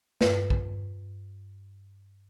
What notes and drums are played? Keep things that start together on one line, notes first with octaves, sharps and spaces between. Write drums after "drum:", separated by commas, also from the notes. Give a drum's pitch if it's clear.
G2 B4, drum: snare
drum: kick A#1